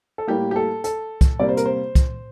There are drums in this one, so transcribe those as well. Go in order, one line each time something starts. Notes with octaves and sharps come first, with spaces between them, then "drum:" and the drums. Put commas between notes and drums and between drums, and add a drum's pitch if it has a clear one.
A4
A2 G3 A#3 G4
G4
A4
A4, drum: hi-hat
drum: kick, hi-hat
C3 G3 A#3 D5
C5
A#4, drum: hi-hat
C5
drum: kick, hi-hat